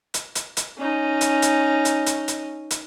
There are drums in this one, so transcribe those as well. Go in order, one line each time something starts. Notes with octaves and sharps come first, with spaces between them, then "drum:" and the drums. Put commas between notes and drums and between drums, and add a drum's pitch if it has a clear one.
drum: hi-hat
drum: hi-hat
drum: hi-hat
C#4 D#4
drum: hi-hat
drum: hi-hat
drum: hi-hat
drum: hi-hat
drum: hi-hat
drum: hi-hat